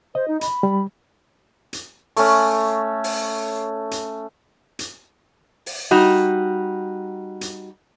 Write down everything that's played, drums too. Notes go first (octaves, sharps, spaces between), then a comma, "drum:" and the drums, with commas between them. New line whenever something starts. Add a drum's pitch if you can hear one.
C5 D#5
D#4
B5, drum: hi-hat
G3
drum: hi-hat
A3 C#4, drum: open hi-hat
drum: open hi-hat
drum: hi-hat
drum: hi-hat
drum: open hi-hat
G3 D#4 F#4
drum: hi-hat